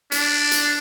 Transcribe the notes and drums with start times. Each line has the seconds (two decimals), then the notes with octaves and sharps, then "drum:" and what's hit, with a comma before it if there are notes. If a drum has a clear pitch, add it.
0.12 D4, drum: hi-hat
0.51 drum: hi-hat